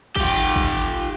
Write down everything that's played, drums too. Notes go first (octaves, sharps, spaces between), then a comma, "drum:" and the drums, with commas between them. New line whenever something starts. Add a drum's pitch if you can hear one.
F4 G4, drum: kick
drum: kick